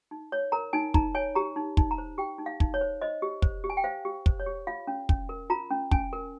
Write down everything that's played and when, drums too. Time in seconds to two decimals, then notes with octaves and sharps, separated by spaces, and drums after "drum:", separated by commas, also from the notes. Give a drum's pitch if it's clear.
0.11 D#4
0.32 C#5
0.52 A#4 A#5
0.73 D#4 G#5
0.94 D#4 A#5, drum: kick
1.15 C#5 G#5
1.35 G4 A#5
1.56 D#4
1.77 D#4, drum: kick
1.91 A#5
1.98 C5
2.18 G4 G5
2.39 D#4
2.46 F5
2.60 D#4, drum: kick
2.74 C#5
2.81 C5
3.01 C5 D#5
3.22 G4
3.42 C5, drum: kick
3.64 G4
3.70 G#5
3.77 G5
3.84 C5 F5
4.05 G4
4.26 C5, drum: kick
4.40 C#5
4.46 G4
4.67 F4 F5
4.87 C#4
5.09 C#4, drum: kick
5.29 A#4
5.50 F4 A#5
5.71 C#4
5.91 C#4 G#5, drum: kick
6.13 A#4